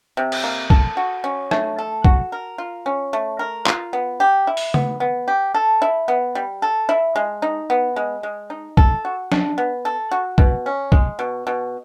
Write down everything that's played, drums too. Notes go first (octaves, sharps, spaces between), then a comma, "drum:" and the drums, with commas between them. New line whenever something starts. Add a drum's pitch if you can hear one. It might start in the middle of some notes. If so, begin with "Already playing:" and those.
C3
drum: cymbal
A#3
A4, drum: kick
F#4
C#4
A3, drum: rim click
A4
F#4, drum: kick
A#4
F4
C#4
A3
A#4
F4, drum: clap
B3
G4
E4
drum: open hi-hat
B3, drum: tom C#3
B3
G4
A4
E4
B3
G3
A4
E4
G#3
D#4
B3
G#3
G#3
D#4
A4, drum: kick
F#4
D4, drum: snare
B3
A4
F#4
B2, drum: kick
C#4
G#3, drum: kick
B2
B2